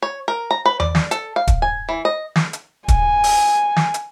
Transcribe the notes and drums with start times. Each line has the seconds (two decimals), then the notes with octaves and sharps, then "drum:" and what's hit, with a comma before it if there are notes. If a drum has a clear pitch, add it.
0.02 C#5
0.28 A#4
0.51 A#5
0.65 B4
0.80 D5, drum: tom E2
0.95 drum: snare
1.11 A4, drum: hi-hat
1.36 F5
1.47 drum: kick, hi-hat
1.62 G#5
1.89 E3
2.05 D#5
2.36 drum: snare
2.53 drum: hi-hat
2.88 G#5, drum: kick, hi-hat
3.24 drum: open hi-hat
3.76 drum: snare
3.94 drum: hi-hat